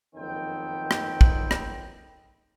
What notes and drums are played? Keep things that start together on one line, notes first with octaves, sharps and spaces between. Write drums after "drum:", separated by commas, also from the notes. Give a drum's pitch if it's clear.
F#1 F2 D#3 B3 C4 G5
drum: rim click
drum: kick
drum: rim click